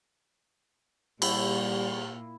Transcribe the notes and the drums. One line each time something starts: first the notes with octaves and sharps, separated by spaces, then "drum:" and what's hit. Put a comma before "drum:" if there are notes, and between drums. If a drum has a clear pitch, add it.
A#2 G3 E4, drum: cymbal